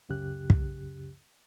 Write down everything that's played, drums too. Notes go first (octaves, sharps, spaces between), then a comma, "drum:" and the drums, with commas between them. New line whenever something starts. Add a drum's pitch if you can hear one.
C#2 F#2 C#3 G4 F#6
drum: kick